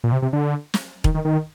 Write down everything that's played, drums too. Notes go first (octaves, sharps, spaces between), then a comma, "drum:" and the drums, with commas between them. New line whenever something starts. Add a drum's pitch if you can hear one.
A#2
C3
C3
D3
drum: snare
D#3, drum: kick E1
D#3
D#3